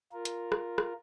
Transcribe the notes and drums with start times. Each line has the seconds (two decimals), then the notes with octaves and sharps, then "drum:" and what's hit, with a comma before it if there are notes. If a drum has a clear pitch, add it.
0.12 F4 A#4
0.25 drum: hi-hat
0.52 drum: rim click
0.78 drum: rim click